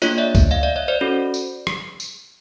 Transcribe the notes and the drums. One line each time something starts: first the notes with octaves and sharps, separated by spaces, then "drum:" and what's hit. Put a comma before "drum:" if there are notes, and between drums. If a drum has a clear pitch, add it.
A#3 D4 F4 G#4 C#5 D#5, drum: tambourine
D5 E5
drum: kick, tambourine
D#5 F5
D5 E5
C#5 D#5
C5 D5
C#4 F#4 A4
drum: tambourine
drum: rim click
drum: tambourine